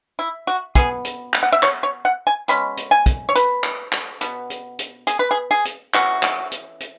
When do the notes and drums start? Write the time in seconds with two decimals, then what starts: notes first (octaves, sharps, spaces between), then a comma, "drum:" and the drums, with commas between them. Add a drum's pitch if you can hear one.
0.19 E4
0.47 F#4
0.75 B2 B3 G#4, drum: kick, hi-hat
1.05 drum: hi-hat
1.33 drum: clap
1.43 F#5
1.52 E5
1.63 C#5, drum: clap
1.83 C#5
2.05 F#5
2.27 G#5
2.48 B2 G#3 C#4 B5, drum: hi-hat
2.77 drum: hi-hat
2.91 G#5
3.06 drum: kick, hi-hat
3.29 C#5
3.35 B4, drum: hi-hat
3.64 drum: clap
3.92 drum: clap
4.21 B2 B3, drum: hi-hat
4.50 drum: hi-hat
4.79 drum: hi-hat
5.07 G#4, drum: hi-hat
5.19 B4
5.31 G#4
5.51 G#4
5.65 drum: hi-hat
5.94 E3 C#4 F#4, drum: clap
6.23 drum: clap
6.52 drum: hi-hat
6.80 drum: hi-hat